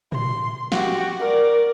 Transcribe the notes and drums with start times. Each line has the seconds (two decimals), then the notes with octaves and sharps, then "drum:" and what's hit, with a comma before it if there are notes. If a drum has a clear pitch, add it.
0.12 C6, drum: tom
0.72 F#4 G4, drum: snare
1.19 A#4 D5